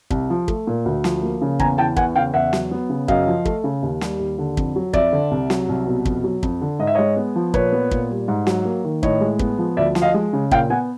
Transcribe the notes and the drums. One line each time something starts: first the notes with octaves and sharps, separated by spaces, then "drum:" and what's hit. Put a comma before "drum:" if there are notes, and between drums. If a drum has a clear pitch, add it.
C2, drum: kick
F3
A3, drum: kick
A#2
D2
F3, drum: snare
A#3
C#3
E2 G#5 A#5, drum: kick
E3 G5 A5
E2 F#5 G#5, drum: kick
C#3 F5 G5
E2 E5 F#5
F#3, drum: snare
B3
C#3
F#2 D#5 F5, drum: kick
F3
A3, drum: kick
C#3
D#2
G3, drum: snare
D#2
D3
F2, drum: kick
F#3
F2 D5 E5, drum: kick
D3
C2
F#3, drum: snare
C2
B2
F2, drum: kick
F#3
F2, drum: kick
D3
G#2 D#5
E5
G#3 C#5 D#5
B3
F3
A#2 B4 C#5, drum: kick
B3
A#2, drum: kick
G3
G#2
F#3, drum: snare
A#3
D#3
A2 C#5 D#5, drum: kick
G#3
B3, drum: kick
F3
D2 D5 E5
F3, drum: snare
D#5 F5
G#3
C#3
A#2 F5 G5, drum: kick
B3 F#5 G#5